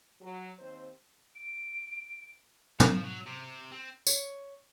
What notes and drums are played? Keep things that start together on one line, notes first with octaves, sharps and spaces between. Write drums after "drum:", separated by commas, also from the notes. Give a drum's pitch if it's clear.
F#3
D#2 C4 C5
D7
F3, drum: tom
F#3
C3
C4
C#5, drum: tambourine